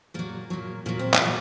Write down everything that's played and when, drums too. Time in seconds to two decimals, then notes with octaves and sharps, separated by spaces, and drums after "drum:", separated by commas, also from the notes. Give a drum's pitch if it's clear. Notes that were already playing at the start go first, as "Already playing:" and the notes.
0.14 A#2 F#3 A#3
0.50 A#2 F#3
0.86 A#2 F#3 A#3
0.99 C4
1.13 A#3, drum: clap
1.22 A#2 F#3